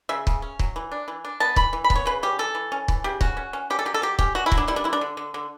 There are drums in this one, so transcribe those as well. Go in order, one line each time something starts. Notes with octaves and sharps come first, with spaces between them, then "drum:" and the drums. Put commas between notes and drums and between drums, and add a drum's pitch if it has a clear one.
C#3 E5
C#3, drum: kick
C#4
F#3, drum: kick
E3
D4
E3
D4
B3 A5
E3 B5, drum: kick
E3
B5
B3, drum: kick
C#5
C#3 B4
C#4 G4
E3 A4
E3
C#4
E3, drum: kick
C#3 G4
C#4 F#4, drum: kick
C#4
C#4
C#4 G4
A4
F#3 G4
A4
F#3 G4
C#4 G4, drum: kick
C#4 F#4
E4
F#3, drum: kick
D4
G3 E4
D4
D3 E4
D4
D3
D3
D3